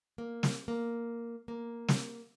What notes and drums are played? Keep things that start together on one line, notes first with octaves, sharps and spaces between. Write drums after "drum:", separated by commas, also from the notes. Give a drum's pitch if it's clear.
A#3
drum: snare
A#3
A#3
drum: snare